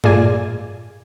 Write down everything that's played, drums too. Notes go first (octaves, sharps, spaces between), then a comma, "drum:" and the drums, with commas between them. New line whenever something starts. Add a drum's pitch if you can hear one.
A#2 F4 G#4 D5 G#5, drum: tom G2